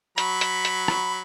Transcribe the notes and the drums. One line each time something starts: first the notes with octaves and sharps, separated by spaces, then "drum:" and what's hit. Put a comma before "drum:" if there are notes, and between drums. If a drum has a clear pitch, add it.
F#3 B5, drum: hi-hat
drum: hi-hat
drum: hi-hat
drum: rim click